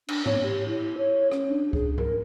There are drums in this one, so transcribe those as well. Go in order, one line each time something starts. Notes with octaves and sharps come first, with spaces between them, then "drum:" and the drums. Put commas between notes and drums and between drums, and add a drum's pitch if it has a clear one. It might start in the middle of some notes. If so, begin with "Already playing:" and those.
D4, drum: cymbal
C#5, drum: tom
G4
E4
C#5
C#4, drum: rim click
D4
G#4, drum: kick C#2
A#4, drum: tom G#2